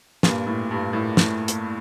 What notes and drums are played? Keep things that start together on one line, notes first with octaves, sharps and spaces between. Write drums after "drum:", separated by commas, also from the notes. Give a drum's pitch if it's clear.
G2 A#2, drum: snare
A2
G2
A2
A2, drum: snare
drum: hi-hat